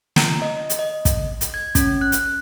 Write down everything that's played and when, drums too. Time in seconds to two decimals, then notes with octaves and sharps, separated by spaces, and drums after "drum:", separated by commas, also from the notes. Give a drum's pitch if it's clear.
0.16 A#5, drum: snare
0.42 D#5
0.70 drum: hi-hat
0.79 D#5
1.05 drum: kick, hi-hat
1.41 drum: hi-hat
1.54 G#6
1.75 C#4, drum: kick, hi-hat
2.01 F#6
2.12 drum: hi-hat